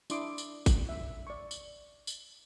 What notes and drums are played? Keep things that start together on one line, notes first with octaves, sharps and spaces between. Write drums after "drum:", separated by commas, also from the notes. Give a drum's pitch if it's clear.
D4 E4 C6 D6 D#6, drum: tambourine
drum: tambourine
drum: kick G#1, tambourine
E5
D5 C#6
drum: tambourine
drum: tambourine